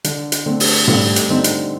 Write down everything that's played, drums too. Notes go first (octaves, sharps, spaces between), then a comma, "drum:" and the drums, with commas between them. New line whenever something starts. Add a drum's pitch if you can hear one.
D3, drum: hi-hat
drum: hi-hat
D3 A3 C4
drum: open hi-hat
G3 A3 C4, drum: tom G#2
drum: hi-hat
D3 C4 D#4
drum: hi-hat